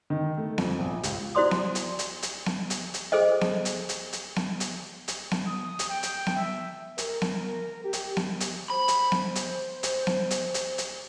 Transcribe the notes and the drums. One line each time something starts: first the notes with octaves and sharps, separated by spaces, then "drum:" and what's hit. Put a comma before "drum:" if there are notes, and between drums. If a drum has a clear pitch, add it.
D#3
A3
F2, drum: snare B3
A#1
C#2, drum: hi-hat
E4 F#4 C5 D5 C6 D#6
drum: snare B3
drum: hi-hat
drum: hi-hat
drum: hi-hat
drum: snare B3
drum: hi-hat
drum: hi-hat
G#4 A4 C5 D#5
drum: snare B3
drum: hi-hat
drum: hi-hat
drum: hi-hat
drum: snare B3
drum: hi-hat
drum: hi-hat
drum: snare B3
D#6
drum: hi-hat
G5
drum: hi-hat
drum: snare B3
E5
A#4, drum: hi-hat
drum: snare B3
G4
drum: hi-hat
drum: snare B3
drum: hi-hat
C5 B5
drum: hi-hat
drum: snare B3
drum: hi-hat
drum: hi-hat
drum: snare B3
drum: hi-hat
drum: hi-hat
drum: hi-hat